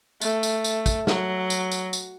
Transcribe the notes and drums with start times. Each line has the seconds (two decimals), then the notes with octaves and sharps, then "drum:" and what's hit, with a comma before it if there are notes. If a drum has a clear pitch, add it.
0.21 A3, drum: tambourine
0.43 drum: tambourine
0.64 drum: tambourine
0.86 drum: kick, tambourine
1.07 F#3, drum: snare
1.50 drum: tambourine
1.72 drum: tambourine
1.93 drum: tambourine